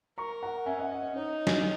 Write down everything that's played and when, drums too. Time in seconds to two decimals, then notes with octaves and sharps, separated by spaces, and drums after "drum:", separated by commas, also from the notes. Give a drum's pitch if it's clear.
0.18 A#4 A#5 C#6
0.43 F#5 A#5
0.66 C#4 E5 G#5
0.78 D#5 F#5
0.92 D#5
1.03 D#5
1.16 D#4 C#5
1.47 drum: snare